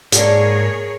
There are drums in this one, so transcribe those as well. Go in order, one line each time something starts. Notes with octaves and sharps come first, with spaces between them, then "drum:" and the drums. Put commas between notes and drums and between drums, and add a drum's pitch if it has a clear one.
G#2 A#3 D4 G#4 A#4 C#5, drum: hi-hat